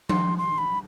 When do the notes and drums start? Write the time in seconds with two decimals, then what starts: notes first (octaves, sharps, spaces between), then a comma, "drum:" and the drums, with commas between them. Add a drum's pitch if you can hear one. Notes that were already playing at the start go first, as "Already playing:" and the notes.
0.09 C6, drum: tom F3
0.38 C6
0.58 B5